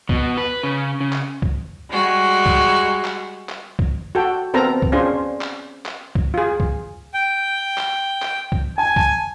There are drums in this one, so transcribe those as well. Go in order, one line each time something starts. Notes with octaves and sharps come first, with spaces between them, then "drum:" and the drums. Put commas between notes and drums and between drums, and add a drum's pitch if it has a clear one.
B2, drum: kick
B4
C#3
C#3
drum: clap
drum: kick
G3 G#3 F#4
drum: kick
drum: clap
drum: clap
drum: kick
F#4 A4 G5
B3 C4 A4 A#4 A#5
drum: kick
C#4 D4 F4 G#4 C5
drum: clap
drum: clap
drum: kick
F4 G#4
drum: kick
G5
drum: clap
drum: clap
drum: kick
G#5 A5
drum: kick